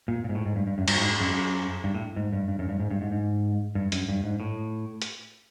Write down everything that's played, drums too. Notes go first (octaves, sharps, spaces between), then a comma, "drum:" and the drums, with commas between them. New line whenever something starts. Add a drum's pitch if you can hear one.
A#2
A#2
G#2
A2
G#2
G2
G2
F#2
G2, drum: cymbal
G#2
F#2
G2
A2
G#2
G2
G2
F#2
G2
G#2
G2
G#2
G#2
G2
F#2, drum: hi-hat
G2
G#2
A2
drum: hi-hat